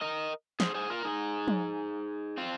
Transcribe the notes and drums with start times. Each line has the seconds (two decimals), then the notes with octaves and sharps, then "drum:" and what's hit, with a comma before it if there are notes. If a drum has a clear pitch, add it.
0.01 A#4 D#5
0.60 G#4 C5, drum: snare
0.74 G#4 C5
0.90 F4 A#4
1.05 D#4 G#4
1.48 drum: tom F3
2.37 C4 F4